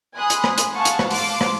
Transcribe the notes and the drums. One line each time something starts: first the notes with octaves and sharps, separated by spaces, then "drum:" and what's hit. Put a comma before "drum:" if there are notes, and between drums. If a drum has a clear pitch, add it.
G#5 B5 C6 D#6 F#6
drum: hi-hat
drum: rim click
drum: hi-hat
F5 F#5 G#5 A5 C#6
drum: hi-hat
drum: rim click
F5 A5 C6 D6, drum: open hi-hat
drum: rim click